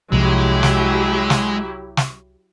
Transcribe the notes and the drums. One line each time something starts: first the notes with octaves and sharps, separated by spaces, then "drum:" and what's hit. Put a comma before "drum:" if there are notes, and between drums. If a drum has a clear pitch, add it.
C2 C3 F3 F#3 G#3 E4 G4
drum: snare
drum: snare
drum: snare